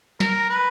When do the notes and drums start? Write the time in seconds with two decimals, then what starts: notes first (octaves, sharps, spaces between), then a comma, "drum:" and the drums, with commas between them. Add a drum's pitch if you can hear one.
0.20 A#4, drum: snare
0.50 B4